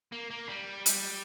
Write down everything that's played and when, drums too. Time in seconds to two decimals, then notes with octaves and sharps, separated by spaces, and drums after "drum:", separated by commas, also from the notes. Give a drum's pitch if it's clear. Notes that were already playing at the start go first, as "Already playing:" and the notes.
0.12 A#3
0.30 A#3
0.49 G3
0.86 drum: hi-hat